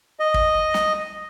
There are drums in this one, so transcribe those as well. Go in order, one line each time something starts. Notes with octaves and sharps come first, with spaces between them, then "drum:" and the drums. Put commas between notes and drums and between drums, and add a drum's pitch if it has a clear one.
D#5
drum: kick
drum: snare